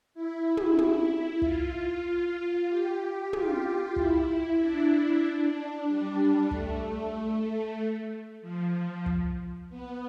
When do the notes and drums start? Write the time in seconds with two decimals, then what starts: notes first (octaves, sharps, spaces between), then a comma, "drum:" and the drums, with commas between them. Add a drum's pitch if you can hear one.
0.14 E4
0.57 drum: tom
0.78 E4, drum: tom
1.42 F4, drum: kick
2.69 G4
3.01 G4
3.33 F4, drum: tom
3.96 E4, drum: kick
4.60 D4
5.88 G3
6.51 A3, drum: kick
8.42 F3
9.06 drum: kick
9.70 B3